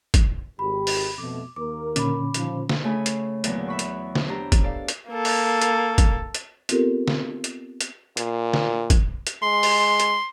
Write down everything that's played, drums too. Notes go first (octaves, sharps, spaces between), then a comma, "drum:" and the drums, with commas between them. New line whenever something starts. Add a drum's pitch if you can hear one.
drum: kick, hi-hat
G#1 G4 B5
drum: open hi-hat
F2 B2 A3 D6
D#2 A#3 A#4 D6
A#2 D3 C#4 B5 D6, drum: hi-hat
D#3 F3, drum: hi-hat
drum: snare
C#3 A3 G#5 B5
drum: hi-hat
E2 A#2 D3 E3 F#3, drum: hi-hat
E5 B5 C#6
drum: hi-hat
drum: snare
D4 E4 G4 C5 A#5
drum: kick, hi-hat
A4 D5 F5
drum: hi-hat
A#3 A4
drum: open hi-hat
drum: hi-hat
drum: kick, hi-hat
drum: hi-hat
B3 C4 F4 G4 A4 A#4, drum: hi-hat
drum: snare
drum: hi-hat
drum: hi-hat
A#2, drum: hi-hat
drum: snare
drum: kick, hi-hat
drum: hi-hat
G#3 C6
drum: open hi-hat
drum: hi-hat